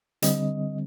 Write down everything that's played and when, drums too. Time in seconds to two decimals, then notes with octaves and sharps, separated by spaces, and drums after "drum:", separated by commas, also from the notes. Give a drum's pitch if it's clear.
0.22 D3 G3 C4 D#5, drum: hi-hat